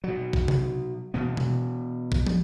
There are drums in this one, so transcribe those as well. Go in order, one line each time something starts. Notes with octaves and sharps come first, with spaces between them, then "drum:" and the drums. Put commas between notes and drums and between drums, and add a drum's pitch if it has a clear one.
B2 F#3
drum: kick B1
drum: tom C3
B2 E3 B3
drum: tom B2
drum: kick B1
drum: tom